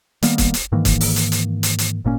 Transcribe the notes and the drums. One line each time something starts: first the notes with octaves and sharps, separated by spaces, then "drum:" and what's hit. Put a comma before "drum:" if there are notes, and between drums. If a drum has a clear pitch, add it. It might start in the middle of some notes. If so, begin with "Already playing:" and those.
D#3 G3 A#3 B3, drum: hi-hat
drum: kick, hi-hat
drum: hi-hat
G#2 D#3 E3 A#3
drum: kick, hi-hat
drum: open hi-hat
drum: hi-hat
drum: hi-hat
drum: hi-hat
drum: hi-hat
G#1 A#2 A#3 C#4